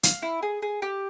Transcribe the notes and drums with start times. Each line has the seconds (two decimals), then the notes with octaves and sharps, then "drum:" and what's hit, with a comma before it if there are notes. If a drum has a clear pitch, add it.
0.03 F5, drum: hi-hat
0.22 E4
0.42 G#4
0.62 G#4
0.82 G4